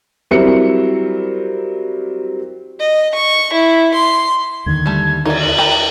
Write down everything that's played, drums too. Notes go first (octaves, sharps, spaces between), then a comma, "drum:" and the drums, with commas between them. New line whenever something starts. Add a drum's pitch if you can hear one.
F#3 G3 C4 E4 A#4 C#7
D#5
C#6
E4
C6
D#2 D3 D#3 G#6
G3 A3
D#4 D5, drum: cymbal
F#7
B4 G5 A#5